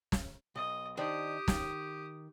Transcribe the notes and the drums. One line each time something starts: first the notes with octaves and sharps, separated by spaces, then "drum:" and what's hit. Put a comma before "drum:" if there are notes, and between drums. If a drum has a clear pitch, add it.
drum: snare
B1 D#5
D#3 D4 G4 C5 D#6
D#3, drum: snare